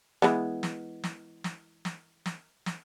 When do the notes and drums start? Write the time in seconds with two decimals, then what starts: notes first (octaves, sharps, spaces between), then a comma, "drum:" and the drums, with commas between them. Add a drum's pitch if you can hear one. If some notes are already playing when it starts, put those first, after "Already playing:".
0.22 E3 G#3 B3, drum: snare
0.63 drum: snare
1.04 drum: snare
1.44 drum: snare
1.85 drum: snare
2.26 drum: snare
2.66 drum: snare